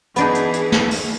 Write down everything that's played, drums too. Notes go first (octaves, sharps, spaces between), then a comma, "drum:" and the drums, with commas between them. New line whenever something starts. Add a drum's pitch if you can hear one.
E3 B3 D4 D#4 G#4, drum: hi-hat
drum: hi-hat
drum: hi-hat
drum: snare
drum: open hi-hat